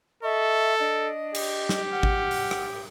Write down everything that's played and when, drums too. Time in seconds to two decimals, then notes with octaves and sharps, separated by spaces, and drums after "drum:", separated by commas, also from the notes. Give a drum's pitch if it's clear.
0.23 A4 D#5 E5 C#6
0.80 D4 D#5
1.34 G4, drum: cymbal
1.69 drum: snare
1.91 F#5 F6
2.03 drum: kick G#1
2.31 drum: open hi-hat
2.51 drum: rim click